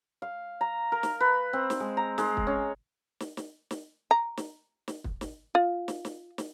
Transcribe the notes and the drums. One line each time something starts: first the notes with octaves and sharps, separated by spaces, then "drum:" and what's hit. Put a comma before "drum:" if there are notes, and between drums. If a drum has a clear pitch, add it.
F5
A#5
A#4
drum: snare
B4
C4
drum: snare
G#3
A#5
G#3, drum: snare
drum: kick
C#4
drum: snare
drum: snare
drum: snare
A#5
drum: snare
drum: snare
drum: kick
drum: snare
F4
drum: snare
drum: snare
drum: snare